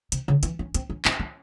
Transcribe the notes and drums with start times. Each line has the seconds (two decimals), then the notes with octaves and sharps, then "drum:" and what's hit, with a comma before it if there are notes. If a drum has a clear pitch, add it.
0.12 C3, drum: hi-hat
0.28 C#3
0.43 E3, drum: hi-hat
0.59 C#4
0.75 C4, drum: hi-hat
0.90 C#4
1.05 C4, drum: clap
1.20 C#4